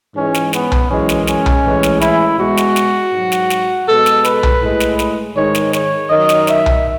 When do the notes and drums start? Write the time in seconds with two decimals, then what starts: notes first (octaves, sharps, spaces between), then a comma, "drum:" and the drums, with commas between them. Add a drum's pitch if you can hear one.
0.16 G#2 E3 G#3 C#4
0.34 drum: snare
0.53 B3, drum: snare
0.72 drum: tom B1
0.90 F#2 E3 G#3 C#4
1.09 drum: snare
1.27 C#4, drum: snare
1.46 drum: tom B1
1.65 A2 E3 G#3
1.83 drum: snare
2.01 E4, drum: snare
2.38 B2 G#3 F#4
2.57 drum: snare
2.76 drum: snare
3.13 G#2 F#3
3.32 drum: snare
3.50 drum: snare
3.88 B2 G#3 A4
4.06 drum: snare
4.25 B4, drum: snare
4.43 drum: tom B1
4.62 A2 G#3
4.80 drum: snare
4.99 drum: snare
5.36 G#2 D#3 G#3 C#5
5.55 drum: snare
5.73 C#5, drum: snare
6.10 F#2 D#3 F#3 D#5
6.29 drum: snare
6.47 E5, drum: snare
6.66 drum: tom B1